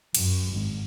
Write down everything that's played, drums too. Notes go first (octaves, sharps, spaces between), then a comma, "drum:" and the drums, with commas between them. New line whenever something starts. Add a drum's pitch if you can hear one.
F#2, drum: cymbal
G#1